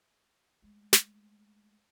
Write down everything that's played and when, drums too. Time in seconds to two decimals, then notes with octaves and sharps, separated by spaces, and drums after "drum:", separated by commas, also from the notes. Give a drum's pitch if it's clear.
0.62 G#3 A3
0.93 drum: snare